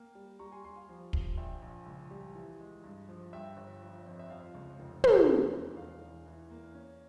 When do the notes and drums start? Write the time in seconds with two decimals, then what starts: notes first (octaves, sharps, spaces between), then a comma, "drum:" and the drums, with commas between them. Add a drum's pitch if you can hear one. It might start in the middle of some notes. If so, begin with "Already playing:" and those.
Already playing: A#3 G5
0.15 G3
0.39 G3 A#5 C#6
0.52 G#5 C6
0.64 G3 G#5 C6
0.76 F5
0.89 F3
1.13 F3, drum: kick
1.37 A#1 E5 G5
1.62 A#1
1.86 C#2
2.10 G3
2.35 E3
2.59 G#3
2.84 G2
3.09 F3
3.33 G2 E5 G5
3.57 G1
3.81 F3
4.06 F2
4.19 E5
4.30 F3 F5
4.55 C#2
4.79 F1
5.04 E2, drum: tom
5.28 E2
5.52 E1
5.77 E2 F5
6.02 E2
6.26 E3
6.51 A#3
6.74 C#4